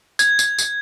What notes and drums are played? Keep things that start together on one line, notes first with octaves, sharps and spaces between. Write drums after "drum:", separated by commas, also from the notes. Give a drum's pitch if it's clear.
G#6, drum: tambourine
drum: tambourine
drum: tambourine